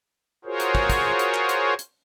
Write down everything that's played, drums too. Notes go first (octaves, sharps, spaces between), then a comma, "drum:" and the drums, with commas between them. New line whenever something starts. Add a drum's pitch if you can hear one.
F4 F#4 G#4 A#4 C5 C#5
drum: hi-hat
drum: kick
drum: kick, hi-hat
drum: hi-hat
drum: clap
drum: hi-hat
drum: hi-hat